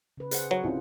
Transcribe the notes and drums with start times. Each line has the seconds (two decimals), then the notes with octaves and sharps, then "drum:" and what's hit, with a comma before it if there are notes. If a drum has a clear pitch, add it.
0.17 C#3 B4
0.31 G#4 C5 F#5, drum: hi-hat
0.51 F#3 C#5
0.64 C2 C#4 F4